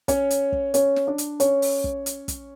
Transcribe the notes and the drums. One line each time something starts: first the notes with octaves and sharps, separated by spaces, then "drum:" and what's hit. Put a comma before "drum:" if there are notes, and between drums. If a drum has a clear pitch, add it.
C#4 C#5, drum: kick, hi-hat
drum: hi-hat
drum: kick
C#4 C#5, drum: hi-hat
drum: snare
D4 D5
drum: hi-hat
C#4 C#5, drum: hi-hat
drum: open hi-hat
drum: kick
drum: hi-hat
drum: kick, hi-hat